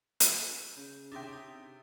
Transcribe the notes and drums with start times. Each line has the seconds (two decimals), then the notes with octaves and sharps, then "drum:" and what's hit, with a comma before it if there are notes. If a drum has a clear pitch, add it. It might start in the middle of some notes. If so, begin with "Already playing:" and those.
0.20 drum: hi-hat
0.76 C#3 G6
1.12 C3 D4 D#4 E5 G5 C6
1.33 D#6